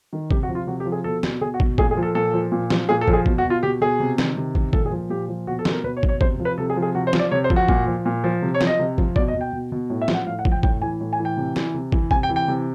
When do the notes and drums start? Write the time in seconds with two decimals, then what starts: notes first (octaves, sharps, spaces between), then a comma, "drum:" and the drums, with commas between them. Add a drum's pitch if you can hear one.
0.13 D#3
0.31 C3 G4, drum: kick
0.43 F#4
0.49 F3
0.55 F4
0.67 C3 F#4
0.80 G4
0.86 F3
0.92 G#4
1.04 B2 A4
1.23 B2, drum: snare
1.41 B2 G#4
1.54 F#4
1.60 B2, drum: kick
1.78 A#2 G#4, drum: kick
1.91 G#4
1.97 F3
2.03 A4
2.15 A#2 A4
2.34 F3
2.52 A#2
2.70 F3, drum: snare
2.89 A#2 G#4
3.01 A4
3.08 F3, drum: kick
3.13 G#4
3.26 B2, drum: kick
3.38 F#4
3.44 B2
3.50 F4
3.63 B2 G4
3.81 B2 G#4
4.00 C3
4.18 D#3, drum: snare
4.37 C3
4.55 D#3, drum: kick
4.73 A#2 A4, drum: kick
4.86 G#4
4.92 F3
5.10 A#2 G4
5.28 F3
5.47 B2 F#4
5.59 A4
5.65 B2, drum: snare
5.72 A#4
5.84 B2 B4
5.97 C#5
6.03 B2, drum: kick
6.09 C#5
6.21 C3 C5, drum: kick
6.40 F3
6.45 B4
6.58 C3 A4
6.70 G#4
6.76 F3
6.82 G#4
6.95 C3 F#4
7.07 C5
7.13 F3, drum: snare
7.19 D5
7.31 C3 C#5
7.44 C5
7.50 F3, drum: kick
7.56 F#4
7.69 A#2, drum: kick
7.87 F3
8.06 A#2
8.24 F3
8.42 C3
8.54 C#5
8.61 F3, drum: snare
8.67 D#5
8.79 C3
8.98 F3, drum: kick
9.16 B2 D5, drum: kick
9.28 D#5
9.34 B2
9.41 G5
9.53 B2
9.72 B2
9.90 A2
10.02 E5
10.08 F3, drum: snare
10.14 F#5
10.26 A2 F5
10.39 F#5
10.45 F3, drum: kick
10.52 G5
10.63 A2 G5, drum: kick
10.82 E3 G#5
11.01 A2
11.13 G#5
11.19 E3
11.25 G5
11.37 C3
11.56 E3, drum: snare
11.74 C3
11.92 E3, drum: kick
12.11 C3 G#5, drum: kick
12.23 G5
12.29 E3
12.36 G5
12.48 C3